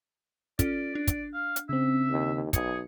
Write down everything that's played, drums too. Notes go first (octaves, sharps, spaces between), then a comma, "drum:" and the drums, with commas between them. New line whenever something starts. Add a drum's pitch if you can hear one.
C#4 F4 A4 D5, drum: kick, hi-hat
D4 D5
drum: kick, hi-hat
F5
drum: hi-hat
C#3 C4 E5
D#2
B1 G#4 C#7, drum: kick, hi-hat